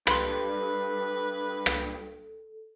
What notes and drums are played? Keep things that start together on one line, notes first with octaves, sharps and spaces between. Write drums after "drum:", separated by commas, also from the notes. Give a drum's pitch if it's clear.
G2 A4 B4 B5 C6, drum: rim click
drum: rim click